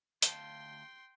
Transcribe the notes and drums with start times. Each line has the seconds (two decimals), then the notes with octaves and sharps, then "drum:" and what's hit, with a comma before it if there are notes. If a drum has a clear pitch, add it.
0.22 D2 F5 G5 A5 C6, drum: hi-hat